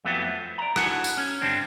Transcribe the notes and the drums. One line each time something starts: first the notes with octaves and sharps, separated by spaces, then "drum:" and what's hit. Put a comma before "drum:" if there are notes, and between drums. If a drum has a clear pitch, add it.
F2 F#3 A3 B3 E4 G4
F3
D5 A#5
D4 E4 F#4 A4 F#5 G#5, drum: rim click
drum: tambourine
C#4
G2 D3 G3 C4 D4